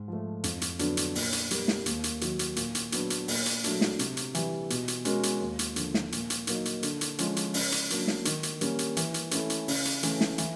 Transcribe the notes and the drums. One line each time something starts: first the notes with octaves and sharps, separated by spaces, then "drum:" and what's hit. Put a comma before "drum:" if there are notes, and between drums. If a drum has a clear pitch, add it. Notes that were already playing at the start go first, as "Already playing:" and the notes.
Already playing: G#2
F3 A3
F2, drum: hi-hat
drum: hi-hat
D3 F#3 B3 D4, drum: hi-hat
drum: hi-hat
A#2, drum: open hi-hat
drum: hi-hat
G3 A#3, drum: hi-hat
drum: snare
D#2, drum: hi-hat
drum: hi-hat
D#3 F#3, drum: hi-hat
drum: hi-hat
A#2, drum: hi-hat
drum: hi-hat
F#3 B3 D4, drum: hi-hat
drum: hi-hat
A#2, drum: open hi-hat
drum: hi-hat
F#3 A3 D4, drum: hi-hat
drum: snare
C3, drum: hi-hat
drum: hi-hat
E3 G3, drum: hi-hat
B2, drum: hi-hat
drum: hi-hat
G#3 C#4 F#4 A#4, drum: hi-hat
drum: hi-hat
D#2
drum: hi-hat
D3 F3, drum: hi-hat
drum: snare
A#2, drum: hi-hat
drum: hi-hat
F#3 A#3 D#4, drum: hi-hat
drum: hi-hat
D3, drum: hi-hat
drum: hi-hat
F3 G#3 C#4 F4, drum: hi-hat
drum: hi-hat
C#3, drum: open hi-hat
drum: hi-hat
F#3 A#3 D4, drum: hi-hat
drum: snare
D#3, drum: hi-hat
drum: hi-hat
G3 A#3 C#4, drum: hi-hat
drum: hi-hat
E3, drum: hi-hat
drum: hi-hat
A3 C#4 E4 A4, drum: hi-hat
drum: hi-hat
C#3, drum: open hi-hat
drum: hi-hat
E3 A3 C#4, drum: hi-hat
drum: snare
E3, drum: hi-hat